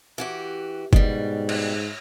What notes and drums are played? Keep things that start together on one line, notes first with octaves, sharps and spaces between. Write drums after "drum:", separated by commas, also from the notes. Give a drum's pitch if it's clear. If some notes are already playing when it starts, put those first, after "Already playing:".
E3 F#4 G4
G#2 B2 G3, drum: kick F#1
drum: cymbal